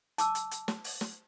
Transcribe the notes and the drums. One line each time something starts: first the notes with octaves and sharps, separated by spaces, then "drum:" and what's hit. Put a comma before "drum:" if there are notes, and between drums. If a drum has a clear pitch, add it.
A5 D6 E6, drum: hi-hat
drum: hi-hat
drum: hi-hat
drum: snare
drum: open hi-hat
drum: snare